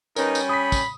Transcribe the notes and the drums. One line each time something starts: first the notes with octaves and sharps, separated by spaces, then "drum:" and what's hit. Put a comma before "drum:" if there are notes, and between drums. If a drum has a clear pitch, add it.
G3 C#4 D#4 A#4 B4, drum: tambourine
drum: tambourine
B5 D#6 B6
drum: kick, tambourine